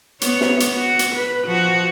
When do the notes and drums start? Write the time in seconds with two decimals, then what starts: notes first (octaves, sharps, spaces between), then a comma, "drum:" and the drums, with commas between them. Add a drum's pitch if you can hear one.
0.21 B3 C#5, drum: hi-hat
0.41 drum: snare
0.60 drum: hi-hat
0.76 F#4
0.99 drum: hi-hat
1.15 B4
1.46 F3 F#4